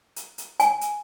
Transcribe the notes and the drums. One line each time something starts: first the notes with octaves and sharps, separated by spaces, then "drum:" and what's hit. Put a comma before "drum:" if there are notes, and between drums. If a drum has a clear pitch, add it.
drum: hi-hat
drum: hi-hat
G#5, drum: hi-hat
drum: hi-hat